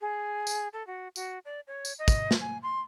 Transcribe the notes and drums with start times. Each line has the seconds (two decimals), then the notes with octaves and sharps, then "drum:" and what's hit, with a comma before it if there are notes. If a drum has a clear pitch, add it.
0.01 G#4
0.47 drum: tambourine
0.73 A4
0.87 F#4
1.16 F#4, drum: tambourine
1.45 D5
1.67 C#5
1.85 drum: tambourine
1.99 D#5
2.08 drum: kick, tambourine
2.31 drum: snare
2.41 G#5
2.63 C6